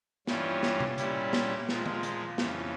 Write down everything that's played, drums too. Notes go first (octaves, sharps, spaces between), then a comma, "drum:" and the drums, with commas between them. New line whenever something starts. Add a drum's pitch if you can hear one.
G2 E3 G3 C#4 F4, drum: snare
drum: snare
drum: tom C3
A#2 G3 C#4 E4, drum: hi-hat
drum: snare
A#2 F3 G#3, drum: snare
drum: tom
drum: hi-hat
F2 C#3 E3, drum: snare